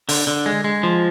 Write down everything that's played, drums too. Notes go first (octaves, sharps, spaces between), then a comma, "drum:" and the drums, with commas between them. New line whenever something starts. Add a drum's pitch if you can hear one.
D3, drum: open hi-hat
D3
G#3
G#3
F3